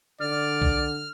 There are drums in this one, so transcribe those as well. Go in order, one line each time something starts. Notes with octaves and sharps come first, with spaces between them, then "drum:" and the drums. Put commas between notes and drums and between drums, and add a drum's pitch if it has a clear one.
D3 D5 F6
drum: kick B1